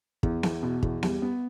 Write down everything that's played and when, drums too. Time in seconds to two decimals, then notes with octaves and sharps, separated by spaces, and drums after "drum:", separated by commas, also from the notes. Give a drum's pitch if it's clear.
0.23 E2, drum: kick
0.43 E2, drum: snare B3
0.63 B2
0.83 E2, drum: kick
1.03 G3, drum: snare B3
1.22 B3